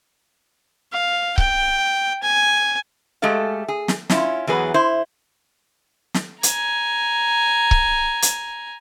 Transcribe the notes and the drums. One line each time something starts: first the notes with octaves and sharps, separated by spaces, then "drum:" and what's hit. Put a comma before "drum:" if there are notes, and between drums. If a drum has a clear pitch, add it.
F5
G5, drum: kick C#1
G#5
G#3 A3 G4 A4 F5
G#4
drum: snare
C#4 E4 F4, drum: snare
E2 F#3 G#4 B4
E4 C5
drum: snare
G#5 A#5, drum: hi-hat
drum: kick C#1
drum: hi-hat